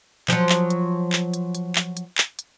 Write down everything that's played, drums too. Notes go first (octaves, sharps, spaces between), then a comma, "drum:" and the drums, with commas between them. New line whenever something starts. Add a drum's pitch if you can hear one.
F3 F#3, drum: clap
drum: clap
drum: hi-hat
drum: clap
drum: hi-hat
drum: hi-hat
drum: clap
drum: hi-hat
drum: clap
drum: hi-hat